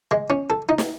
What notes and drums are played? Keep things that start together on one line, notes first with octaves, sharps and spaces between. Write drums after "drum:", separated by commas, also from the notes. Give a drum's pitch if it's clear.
G#3
C#4
A4
D#4
drum: snare